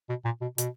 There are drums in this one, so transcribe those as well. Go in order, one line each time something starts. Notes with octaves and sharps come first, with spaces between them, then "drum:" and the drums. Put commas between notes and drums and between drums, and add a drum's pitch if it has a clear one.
B2
A#2
B2
B2, drum: hi-hat